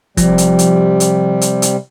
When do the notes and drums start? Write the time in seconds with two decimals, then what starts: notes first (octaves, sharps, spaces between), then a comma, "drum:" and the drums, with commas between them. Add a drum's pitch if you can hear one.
0.17 C3 F3 G3, drum: kick, hi-hat
0.38 drum: hi-hat
0.59 drum: hi-hat
1.00 drum: hi-hat
1.41 drum: hi-hat
1.62 drum: hi-hat